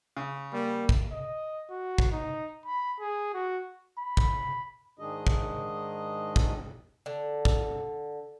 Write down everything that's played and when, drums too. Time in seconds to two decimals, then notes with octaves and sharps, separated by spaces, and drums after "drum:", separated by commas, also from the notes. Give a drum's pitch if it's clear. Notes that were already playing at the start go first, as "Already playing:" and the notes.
0.17 C#3
0.53 G3 A#3
0.89 drum: kick
1.12 D#5
1.70 F#4
1.98 drum: kick
2.12 D#4
2.66 B5
3.00 G#4
3.34 F#4
3.98 B5
4.17 drum: kick
4.99 G#2 D#3 G#3 D4 G#4 D#5
5.27 drum: kick
6.36 drum: kick
7.06 D3
7.45 drum: kick